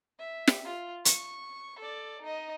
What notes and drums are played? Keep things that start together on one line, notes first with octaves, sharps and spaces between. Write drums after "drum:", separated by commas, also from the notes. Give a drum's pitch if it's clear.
E5
drum: snare
F4
C#6, drum: hi-hat
A4 D5
D#4 D#5